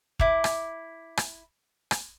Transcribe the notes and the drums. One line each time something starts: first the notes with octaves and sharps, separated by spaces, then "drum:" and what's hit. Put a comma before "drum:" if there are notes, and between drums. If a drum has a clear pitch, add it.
E4 D6, drum: kick
drum: rim click
drum: rim click
drum: rim click